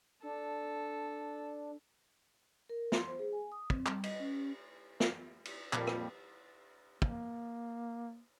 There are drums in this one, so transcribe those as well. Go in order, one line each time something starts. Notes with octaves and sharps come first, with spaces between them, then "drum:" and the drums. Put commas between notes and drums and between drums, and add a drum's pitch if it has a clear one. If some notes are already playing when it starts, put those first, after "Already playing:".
D4 A4
A#4
C6, drum: snare
C5
G#4
G#5
D#6
C4, drum: kick
G3, drum: clap
D#5, drum: cymbal
C#4
drum: snare
drum: cymbal
F2 A#2 G3, drum: clap
drum: rim click
A#3, drum: kick